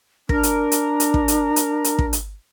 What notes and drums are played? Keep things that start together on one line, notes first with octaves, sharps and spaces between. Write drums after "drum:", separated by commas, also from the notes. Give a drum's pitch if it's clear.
D4 A#4, drum: kick
drum: hi-hat
drum: hi-hat
drum: hi-hat
drum: kick
drum: hi-hat
drum: hi-hat
drum: hi-hat
drum: kick
drum: hi-hat